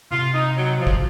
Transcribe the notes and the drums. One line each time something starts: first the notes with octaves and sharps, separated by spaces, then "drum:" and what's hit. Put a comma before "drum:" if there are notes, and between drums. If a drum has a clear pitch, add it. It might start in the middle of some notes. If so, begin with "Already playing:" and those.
C3 F4
D#4
F#3
F3
C#3, drum: kick